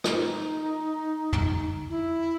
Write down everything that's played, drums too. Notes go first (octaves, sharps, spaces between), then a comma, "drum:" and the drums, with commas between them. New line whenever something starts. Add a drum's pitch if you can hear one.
D#4, drum: rim click
drum: tom
E4